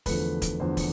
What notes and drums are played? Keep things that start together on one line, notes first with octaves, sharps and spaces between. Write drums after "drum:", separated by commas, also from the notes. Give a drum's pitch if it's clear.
E2 D3 F3 A3 B4, drum: kick, open hi-hat
drum: kick, hi-hat
E2 D3 F3 A3 C5
drum: kick, open hi-hat